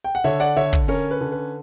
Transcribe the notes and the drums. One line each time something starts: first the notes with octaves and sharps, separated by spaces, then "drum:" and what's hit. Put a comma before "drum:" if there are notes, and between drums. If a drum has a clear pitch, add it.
G5
F#5
D3 C#5 E5
D5 F#5
D3 C#5 E5
drum: kick
C#4 A#4 C#5
B4
D3
B4